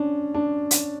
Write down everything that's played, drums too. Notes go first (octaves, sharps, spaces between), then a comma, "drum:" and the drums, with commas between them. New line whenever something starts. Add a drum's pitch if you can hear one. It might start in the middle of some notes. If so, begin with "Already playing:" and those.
Already playing: C#4 D4
D4
drum: hi-hat